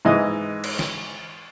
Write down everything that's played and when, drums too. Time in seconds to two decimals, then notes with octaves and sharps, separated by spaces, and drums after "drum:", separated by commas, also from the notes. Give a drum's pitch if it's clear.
0.05 G#2 E3 D#5 D#6
0.64 drum: cymbal
0.79 drum: snare